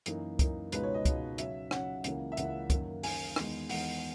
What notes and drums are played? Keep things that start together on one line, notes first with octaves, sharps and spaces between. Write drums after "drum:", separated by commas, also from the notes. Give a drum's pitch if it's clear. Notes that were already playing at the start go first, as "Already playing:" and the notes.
F#2 E3 A#3 D#4, drum: hi-hat
F#2 E3 A#3 D#4, drum: kick, hi-hat
C#2 B2 G#3 D#4 B4, drum: hi-hat
C#5
D#5
C#2 B2 G#3 D#4, drum: kick, hi-hat
C#3 F#3 C#4 E5, drum: hi-hat
C#3 F#3 C#4 F#5, drum: rim click
C#2 C#3 E3 A#3, drum: hi-hat
E5
C#2 C#3 E3 A#3 F#5, drum: hi-hat
F#2 D#3 A#3, drum: kick, hi-hat
F#2 D#3 A#3 G#5, drum: open hi-hat
E2 D#3 G#3 B3 D#4, drum: rim click
E2 D#3 G#3 B3 D#4 F#5, drum: open hi-hat